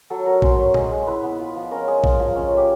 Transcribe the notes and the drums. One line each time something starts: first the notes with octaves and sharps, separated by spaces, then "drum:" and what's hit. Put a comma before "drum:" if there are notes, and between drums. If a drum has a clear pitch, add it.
F#3 A4
F#3 A#4
C#4 C5, drum: kick A#1
A3
G#3, drum: tom A#2
G#3
E4 B4
B3
F4
F3
C#4 A#4
G#3 G#4
F4, drum: kick A#1
F3
C#4
A3
G4